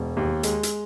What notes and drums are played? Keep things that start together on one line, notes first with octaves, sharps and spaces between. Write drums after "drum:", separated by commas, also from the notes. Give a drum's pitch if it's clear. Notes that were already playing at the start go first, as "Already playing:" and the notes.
Already playing: E1
D#2
G#3, drum: hi-hat
drum: hi-hat